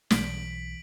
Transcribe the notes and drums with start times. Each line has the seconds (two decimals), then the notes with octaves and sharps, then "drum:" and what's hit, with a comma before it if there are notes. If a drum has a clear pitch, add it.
0.11 B1 E3 B6 D7 F#7, drum: snare